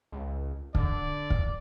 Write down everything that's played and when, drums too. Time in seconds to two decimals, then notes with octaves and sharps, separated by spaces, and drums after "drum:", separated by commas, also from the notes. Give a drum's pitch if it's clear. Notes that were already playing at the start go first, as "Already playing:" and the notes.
0.12 C#2
0.75 D3 D5, drum: kick
1.30 drum: kick